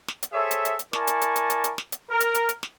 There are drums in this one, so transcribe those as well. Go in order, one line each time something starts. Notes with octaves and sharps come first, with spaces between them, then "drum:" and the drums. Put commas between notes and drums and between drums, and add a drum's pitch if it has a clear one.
drum: snare
drum: hi-hat
G#4 A4 C5 C#5 E5
drum: hi-hat
drum: hi-hat
drum: hi-hat
E4 A#4 D5 G#5 A5 C#6, drum: snare
drum: hi-hat
drum: hi-hat
drum: hi-hat
drum: hi-hat
drum: hi-hat
drum: snare
drum: hi-hat
A#4
drum: hi-hat
drum: hi-hat
drum: hi-hat
drum: snare